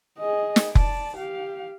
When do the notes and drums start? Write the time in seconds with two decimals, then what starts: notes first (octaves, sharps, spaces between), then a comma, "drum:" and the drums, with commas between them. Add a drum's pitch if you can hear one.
0.18 G#4 D#5
0.56 drum: snare
0.75 D5 A5, drum: kick F1
1.16 G4 F5